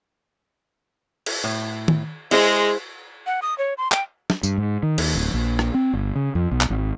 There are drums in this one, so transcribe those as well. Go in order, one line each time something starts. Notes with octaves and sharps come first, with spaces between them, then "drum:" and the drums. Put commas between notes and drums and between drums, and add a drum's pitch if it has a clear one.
drum: cymbal
A2
drum: tom D#3
G#3 E4 G#4 C5, drum: cymbal
F#5
D#6
C#5
C6
G5, drum: clap
drum: snare
G2, drum: tambourine
G#2
D#3
D#2, drum: cymbal
D1
A#1
drum: rim click
C4
G1
C#3
F2
B1
drum: clap
G#1